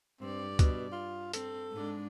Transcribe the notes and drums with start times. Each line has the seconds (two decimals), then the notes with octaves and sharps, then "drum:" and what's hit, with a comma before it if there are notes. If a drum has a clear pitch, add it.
0.21 G2 C4 D5
0.59 B2, drum: kick C#2, hi-hat
0.92 F4
1.34 C4 A4, drum: hi-hat
1.71 G#2 G#3 D4